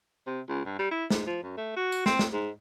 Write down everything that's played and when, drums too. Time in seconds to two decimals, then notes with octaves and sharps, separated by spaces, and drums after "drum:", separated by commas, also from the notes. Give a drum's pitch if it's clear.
0.27 C3
0.49 C#2
0.65 G2
0.79 G3
0.91 E4
1.10 G#2, drum: snare
1.27 F3
1.43 F#2
1.57 A3
1.76 F#4
1.92 drum: tambourine
2.06 C4, drum: snare
2.19 drum: snare
2.33 G#2